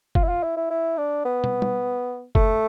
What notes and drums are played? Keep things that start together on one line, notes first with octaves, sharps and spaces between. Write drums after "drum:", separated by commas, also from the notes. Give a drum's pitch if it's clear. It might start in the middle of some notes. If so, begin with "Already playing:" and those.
F4, drum: kick
E4
F4
E4
E4
E4
D4
B3
drum: tom
drum: tom G3
A3, drum: kick